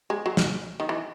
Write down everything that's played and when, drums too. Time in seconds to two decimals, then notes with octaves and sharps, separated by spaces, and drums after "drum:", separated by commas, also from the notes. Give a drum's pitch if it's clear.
0.10 G#3
0.26 F#3
0.37 drum: snare
0.80 D#3
0.89 E3